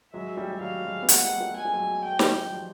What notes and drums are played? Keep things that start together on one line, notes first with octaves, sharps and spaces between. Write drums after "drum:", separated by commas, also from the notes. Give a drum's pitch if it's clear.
F#3 G#3 E5
G3 A3
G3
F#3 G#3 F5
F#3 G#3
B3
G#3 A#3 F#5, drum: hi-hat
G3 A3
G3 A3
G#3 G#5
A3
F#3 G#3
G5
drum: snare
F#3
F3 G3